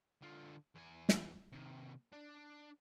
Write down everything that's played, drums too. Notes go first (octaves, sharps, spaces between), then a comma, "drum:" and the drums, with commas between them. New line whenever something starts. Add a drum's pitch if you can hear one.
D3 F4
E2 G#5
drum: snare
C3 D#3
D4